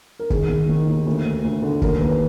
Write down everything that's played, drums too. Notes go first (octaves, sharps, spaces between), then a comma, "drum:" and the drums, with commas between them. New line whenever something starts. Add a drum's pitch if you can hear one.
A#4
D#3 G#4, drum: kick
D#3
D#3
D#2
D2
D2
D2
D3
D#2 A#4, drum: kick
D#2 B4